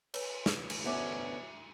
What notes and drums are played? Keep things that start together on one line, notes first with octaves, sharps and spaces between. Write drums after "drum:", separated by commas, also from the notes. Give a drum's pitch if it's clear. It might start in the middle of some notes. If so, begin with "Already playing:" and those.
B4 C#5, drum: cymbal
drum: snare
drum: cymbal
D2 B3 C#4 F#4 E5 D6